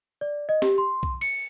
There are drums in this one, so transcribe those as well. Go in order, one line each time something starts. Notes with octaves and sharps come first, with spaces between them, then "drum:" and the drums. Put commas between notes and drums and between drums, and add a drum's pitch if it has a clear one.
D5
D#5
G4, drum: snare
C6
drum: kick B1
C#7, drum: cymbal